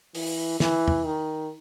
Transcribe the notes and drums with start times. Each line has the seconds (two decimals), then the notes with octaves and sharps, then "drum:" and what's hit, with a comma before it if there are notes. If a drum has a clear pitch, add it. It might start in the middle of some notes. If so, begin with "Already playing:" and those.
0.15 E3, drum: open hi-hat
0.60 E3, drum: snare
0.88 drum: tom
1.05 D#3